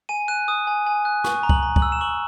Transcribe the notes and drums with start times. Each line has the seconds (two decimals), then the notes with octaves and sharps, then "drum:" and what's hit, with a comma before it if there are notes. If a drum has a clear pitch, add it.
0.09 G#5 D#7
0.28 F#6 D#7
0.48 D#6
0.67 G#5
0.86 G#5
1.05 F#6
1.24 C#6, drum: snare
1.43 A#5
1.49 F#7, drum: kick
1.63 A#5
1.76 F#7, drum: kick
1.82 E6
1.92 E7
2.01 C#6 F#7